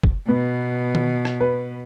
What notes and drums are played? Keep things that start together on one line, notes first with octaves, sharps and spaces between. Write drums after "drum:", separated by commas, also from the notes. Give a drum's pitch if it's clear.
drum: kick
B2 B3
drum: tom D#3
drum: rim click
B4